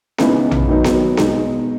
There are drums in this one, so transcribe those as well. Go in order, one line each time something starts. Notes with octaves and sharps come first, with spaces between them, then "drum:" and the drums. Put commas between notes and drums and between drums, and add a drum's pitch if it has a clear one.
C#2 C#3 E3 B3 D#4, drum: snare B3
drum: tom A#1
D#3 F#3 B3 D#4
drum: snare B3
E2 B2 G#3 D#4, drum: snare B3